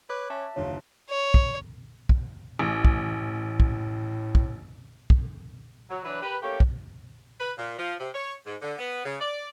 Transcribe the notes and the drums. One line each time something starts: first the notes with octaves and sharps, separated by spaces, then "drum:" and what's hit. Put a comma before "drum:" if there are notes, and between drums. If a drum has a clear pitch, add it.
B4 C#5 D6 F#6
C#4 E5 A5
F#1 D#2 D3 F4 C#5
C#5
drum: kick
drum: kick
A1 A2
drum: kick
drum: kick
drum: kick
drum: kick
F#3
E3 F#3 D4 B4
G4 A#4 B4
A3 A#3 C#4 G4
drum: kick
B4
A#2
F3
C3
C#5
G#2
D3
B3
C#3
D5